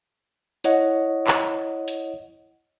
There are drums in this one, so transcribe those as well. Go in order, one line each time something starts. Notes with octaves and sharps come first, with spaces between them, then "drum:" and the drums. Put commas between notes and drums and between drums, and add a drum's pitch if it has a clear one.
E4 C#5 D#5 F#5, drum: hi-hat
drum: clap
drum: hi-hat